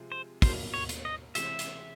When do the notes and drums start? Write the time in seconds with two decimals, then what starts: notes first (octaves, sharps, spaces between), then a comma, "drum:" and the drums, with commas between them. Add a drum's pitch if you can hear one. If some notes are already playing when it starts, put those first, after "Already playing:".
Already playing: C3 F3 G#3
0.12 C5
0.42 B2 F#3 A#3 C5, drum: kick, open hi-hat
0.74 C#5
0.89 drum: hi-hat
1.05 D#5
1.35 C3 E3 G#3 C4 E5, drum: hi-hat
1.59 drum: hi-hat